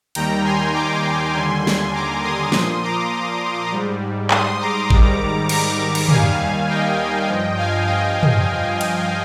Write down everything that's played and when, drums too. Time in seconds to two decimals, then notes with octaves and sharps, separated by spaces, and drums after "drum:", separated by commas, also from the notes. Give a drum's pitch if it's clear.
0.15 D#2 D#3 G3 G5 A#5, drum: cymbal
0.44 G#5 C6
0.74 A#5 D6
1.34 D#2 D3 G3 G#5 C6
1.67 drum: snare
1.93 A#5 D6
2.23 C6 D#6
2.52 A#2 F3, drum: snare
2.83 A#5 D6
3.72 G#2 G3
4.30 C6 D#6, drum: clap
4.60 A#5 D6
4.90 G#2 D#3 G3, drum: kick G#1
5.49 A#5 D6, drum: cymbal
5.95 drum: cymbal
6.09 D#2 D#3 G3 F5 G#5, drum: tom
6.68 D#5 G5
7.27 G2 F3
7.57 F5 G#5
7.87 D#5 G5
8.23 drum: tom
8.81 drum: cymbal